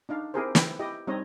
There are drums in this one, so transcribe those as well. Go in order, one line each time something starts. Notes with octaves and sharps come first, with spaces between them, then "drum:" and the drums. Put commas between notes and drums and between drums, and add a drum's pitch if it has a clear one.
D4 D#4 F5
C4 E4 G4 G#4 A#4 C5
E4 B4 G5, drum: snare
E4 G4 D#5
G3 C4 D#4 C#5 D#5